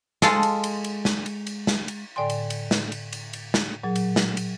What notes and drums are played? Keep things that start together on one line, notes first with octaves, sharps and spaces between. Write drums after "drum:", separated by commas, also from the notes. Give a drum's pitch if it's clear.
G#3 F4 A4, drum: snare
drum: cymbal
drum: cymbal
drum: cymbal
drum: snare
drum: cymbal
drum: cymbal
drum: snare
drum: cymbal
A2 D3 D5 G5 G#5 C6
drum: cymbal
drum: cymbal
drum: snare
drum: cymbal
drum: cymbal
drum: cymbal
drum: snare
A#2 F#3 G#4
drum: cymbal
drum: snare
drum: cymbal